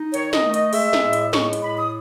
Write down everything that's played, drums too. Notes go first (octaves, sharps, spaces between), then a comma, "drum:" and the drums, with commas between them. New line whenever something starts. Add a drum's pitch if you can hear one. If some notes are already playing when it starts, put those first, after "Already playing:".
Already playing: D#4
D#3 C#5, drum: hi-hat
D#5, drum: snare
A3
D#5, drum: hi-hat
G#3 E5, drum: open hi-hat
drum: snare
A2
drum: hi-hat
G#3 C#6, drum: snare
drum: hi-hat
A2 B5
D#6